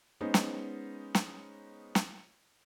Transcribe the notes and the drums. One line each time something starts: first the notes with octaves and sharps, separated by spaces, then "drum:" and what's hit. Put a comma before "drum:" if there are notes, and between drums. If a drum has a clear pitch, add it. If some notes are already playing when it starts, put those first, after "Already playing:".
G#3 B3 C#4 D#4 C5
drum: snare
drum: snare
drum: snare